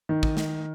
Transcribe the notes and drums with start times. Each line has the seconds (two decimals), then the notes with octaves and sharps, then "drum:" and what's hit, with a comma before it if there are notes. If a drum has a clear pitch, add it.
0.09 D#3
0.23 drum: kick
0.37 drum: snare